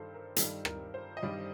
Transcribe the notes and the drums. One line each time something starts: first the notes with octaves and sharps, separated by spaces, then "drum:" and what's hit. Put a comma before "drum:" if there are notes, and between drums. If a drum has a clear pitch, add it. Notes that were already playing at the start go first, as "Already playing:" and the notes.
Already playing: G2 D#3 G3 A4 C5
A#4
G2 D#3 G3 A4, drum: hi-hat
A#4, drum: rim click
C5
D#5
G2 D#3 G3 D5